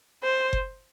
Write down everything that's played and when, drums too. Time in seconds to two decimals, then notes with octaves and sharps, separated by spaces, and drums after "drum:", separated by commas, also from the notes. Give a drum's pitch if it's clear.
0.23 C5
0.53 drum: kick F#1